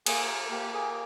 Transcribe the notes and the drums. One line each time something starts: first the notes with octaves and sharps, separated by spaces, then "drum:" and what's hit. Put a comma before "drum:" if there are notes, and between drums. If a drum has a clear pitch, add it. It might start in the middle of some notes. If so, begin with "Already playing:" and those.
A#3 G#4, drum: cymbal
A#4
A#3 G4
G#4